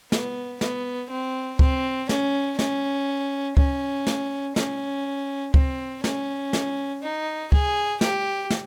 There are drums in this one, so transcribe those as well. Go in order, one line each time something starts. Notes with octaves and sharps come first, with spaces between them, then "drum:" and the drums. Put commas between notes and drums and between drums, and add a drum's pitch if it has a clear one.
B3, drum: snare
B3, drum: snare
C4
C4, drum: kick C#2
C#4, drum: snare
C#4, drum: snare
C#4, drum: kick C#2
drum: snare
C#4, drum: snare
C4, drum: kick C#2
C#4, drum: snare
drum: snare
D#4
G#4, drum: kick C#2
G4, drum: snare
drum: snare